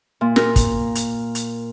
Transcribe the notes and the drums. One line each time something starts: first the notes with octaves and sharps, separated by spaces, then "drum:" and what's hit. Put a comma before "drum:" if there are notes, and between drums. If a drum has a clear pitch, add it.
A#2
A#4, drum: snare
drum: kick, hi-hat
drum: hi-hat
drum: hi-hat